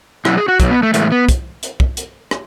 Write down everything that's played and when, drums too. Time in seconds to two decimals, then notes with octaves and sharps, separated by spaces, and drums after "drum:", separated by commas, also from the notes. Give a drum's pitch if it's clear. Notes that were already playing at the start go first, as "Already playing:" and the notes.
0.25 B2 F#3 E4, drum: rim click
0.37 G#4
0.48 F#4
0.60 B2 F#3, drum: kick, hi-hat
0.71 B3
0.83 A3
0.94 A2 E3 G#3 A3, drum: hi-hat
1.12 B3
1.29 drum: kick, hi-hat
1.63 drum: hi-hat
1.80 drum: kick
1.97 drum: hi-hat
2.31 drum: rim click